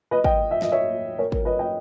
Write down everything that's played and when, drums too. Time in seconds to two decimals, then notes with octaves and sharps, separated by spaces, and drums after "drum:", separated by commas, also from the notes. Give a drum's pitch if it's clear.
0.11 B4 D#5
0.24 D#5 G5, drum: kick G#1
0.51 E5
0.62 D#5, drum: snare
0.72 C#5 E5
1.19 A#4 C#5
1.32 A#4, drum: kick G#1
1.45 B4 D#5
1.59 D#5 G5